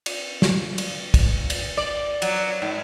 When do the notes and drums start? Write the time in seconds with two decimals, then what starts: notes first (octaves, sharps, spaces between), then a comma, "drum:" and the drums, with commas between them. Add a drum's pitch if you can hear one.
0.06 drum: cymbal
0.42 drum: snare
0.78 drum: cymbal
1.14 drum: kick, cymbal
1.50 drum: cymbal
1.77 D5
2.22 F#3, drum: cymbal
2.62 G#2